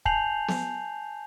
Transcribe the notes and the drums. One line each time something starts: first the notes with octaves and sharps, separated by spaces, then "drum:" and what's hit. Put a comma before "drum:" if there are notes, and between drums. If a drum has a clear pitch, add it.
G#5 A5 G6 C7 F7 F#7, drum: kick
drum: snare B3